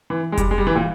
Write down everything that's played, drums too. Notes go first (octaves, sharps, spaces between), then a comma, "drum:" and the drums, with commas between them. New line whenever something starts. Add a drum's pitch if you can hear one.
E3
G#3
G3, drum: kick F1, hi-hat
G#3
G3
E3
A#2